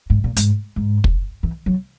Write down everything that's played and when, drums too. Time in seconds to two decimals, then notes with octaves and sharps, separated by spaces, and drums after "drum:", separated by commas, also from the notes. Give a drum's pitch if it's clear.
0.10 G#2
0.24 A#2
0.36 G#2, drum: hi-hat
0.76 G#2
1.04 drum: kick
1.43 E3
1.66 F#3